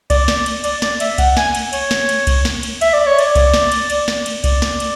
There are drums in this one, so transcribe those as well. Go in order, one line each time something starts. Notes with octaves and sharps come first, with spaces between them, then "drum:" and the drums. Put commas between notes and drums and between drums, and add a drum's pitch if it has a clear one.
D5, drum: kick C2, cymbal
drum: snare
drum: cymbal
D5, drum: cymbal
D5, drum: snare
E5, drum: cymbal
F#5, drum: kick C2, cymbal
G#5, drum: snare
drum: cymbal
C#5, drum: cymbal
drum: snare
drum: cymbal
drum: kick C2, cymbal
drum: snare
drum: cymbal
E5, drum: cymbal
D5
C#5
D5, drum: cymbal
drum: kick C2, cymbal
drum: snare
drum: cymbal
drum: cymbal
drum: snare
drum: cymbal
D5, drum: kick C2, cymbal
drum: snare
drum: cymbal